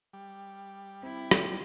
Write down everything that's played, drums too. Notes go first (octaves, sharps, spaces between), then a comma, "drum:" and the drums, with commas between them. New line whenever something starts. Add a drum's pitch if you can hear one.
G3
C4 E4
drum: rim click